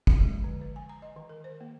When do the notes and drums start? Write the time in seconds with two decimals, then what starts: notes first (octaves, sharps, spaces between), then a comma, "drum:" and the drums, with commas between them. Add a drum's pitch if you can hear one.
0.07 drum: kick
0.20 G#3
0.32 F3
0.44 D3
0.61 B4
0.76 G#5
0.89 A#5
1.02 D#5
1.16 D#3
1.29 A#4
1.44 C5
1.60 A#3